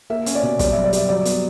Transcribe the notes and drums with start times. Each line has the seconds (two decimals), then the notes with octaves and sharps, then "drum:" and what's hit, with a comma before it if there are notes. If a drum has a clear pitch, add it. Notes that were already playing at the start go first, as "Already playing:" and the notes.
0.10 A#3 E5
0.26 C#4, drum: hi-hat
0.35 D5
0.43 B2
0.59 G3 D5, drum: kick, hi-hat
0.72 F#2 E5
0.84 D5
0.93 G3 E5, drum: hi-hat
1.09 F#3 D5
1.25 B3, drum: hi-hat